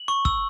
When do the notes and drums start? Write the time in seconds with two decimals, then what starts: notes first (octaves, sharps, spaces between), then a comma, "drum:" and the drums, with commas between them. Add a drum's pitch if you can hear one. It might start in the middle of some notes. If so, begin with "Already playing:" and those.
Already playing: F#7
0.08 C#6
0.25 E6, drum: kick